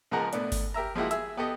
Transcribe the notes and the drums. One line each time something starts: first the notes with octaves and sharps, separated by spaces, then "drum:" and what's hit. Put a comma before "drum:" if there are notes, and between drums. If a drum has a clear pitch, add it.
C#2 F3 G#3 A#4 F#5 A#5
A2 B3 D4, drum: hi-hat
drum: kick G1, open hi-hat
G4 A#4 E5 A#5
F3 G#3 A#3 E4 F#4 G4
G#4 E5, drum: hi-hat
B3 G4 A4 D#5